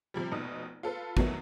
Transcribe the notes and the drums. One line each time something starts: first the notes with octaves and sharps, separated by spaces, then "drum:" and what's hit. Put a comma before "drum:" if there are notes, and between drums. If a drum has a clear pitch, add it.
C3 F3 G3
F1 A#1 B2 D#4 D#6
F4 A4 B4
B2 D#3 F#3 A3 B3, drum: kick